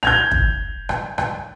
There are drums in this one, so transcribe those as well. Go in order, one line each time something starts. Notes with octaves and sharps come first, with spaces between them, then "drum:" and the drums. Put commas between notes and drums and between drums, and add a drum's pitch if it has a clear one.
G6 G#6 F7, drum: rim click
drum: kick
drum: rim click
drum: rim click